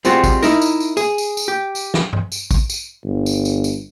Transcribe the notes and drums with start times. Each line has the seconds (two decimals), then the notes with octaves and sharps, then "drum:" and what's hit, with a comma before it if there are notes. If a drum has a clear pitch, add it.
0.05 G3 G#3 C4 F4 F#4, drum: tambourine
0.24 drum: kick, tambourine
0.43 D#4 E4 A#4, drum: tambourine
0.61 drum: tambourine
0.80 drum: tambourine
0.97 G#4, drum: tambourine
1.18 drum: tambourine
1.37 drum: tambourine
1.48 G4
1.75 drum: tambourine
1.94 drum: snare
2.13 drum: tom G2
2.32 drum: tambourine
2.51 drum: kick, tambourine
2.70 drum: tambourine
3.04 G1
3.26 drum: tambourine
3.45 drum: tambourine
3.64 drum: tambourine